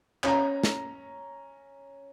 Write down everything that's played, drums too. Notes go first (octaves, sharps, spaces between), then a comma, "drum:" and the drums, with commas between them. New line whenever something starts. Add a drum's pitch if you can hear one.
C#4 A#5, drum: clap
drum: snare